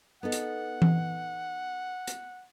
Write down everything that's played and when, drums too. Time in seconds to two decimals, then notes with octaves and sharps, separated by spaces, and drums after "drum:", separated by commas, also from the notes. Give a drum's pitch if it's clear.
0.23 B3 D#4 A4 F#5
0.32 drum: hi-hat
0.82 drum: tom E3
2.07 drum: hi-hat